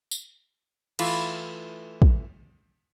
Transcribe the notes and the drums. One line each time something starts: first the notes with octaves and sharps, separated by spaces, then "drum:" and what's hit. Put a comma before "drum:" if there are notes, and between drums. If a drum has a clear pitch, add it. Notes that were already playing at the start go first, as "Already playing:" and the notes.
drum: tambourine
E3 A3 F4, drum: cymbal
drum: kick